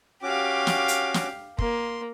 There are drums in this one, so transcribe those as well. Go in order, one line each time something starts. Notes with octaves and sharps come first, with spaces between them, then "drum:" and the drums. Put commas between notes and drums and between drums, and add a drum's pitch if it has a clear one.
C#4 F#4 G4 F5 D6
drum: snare
drum: hi-hat
drum: snare
A#3 C6, drum: kick